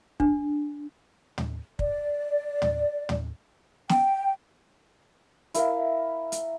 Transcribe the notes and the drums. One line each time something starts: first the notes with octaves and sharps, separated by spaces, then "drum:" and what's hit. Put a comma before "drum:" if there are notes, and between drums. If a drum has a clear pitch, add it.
D4, drum: kick
drum: tom
D5, drum: kick
drum: tom
drum: tom
G5, drum: snare
E4 A#4 E5 F5, drum: hi-hat
drum: hi-hat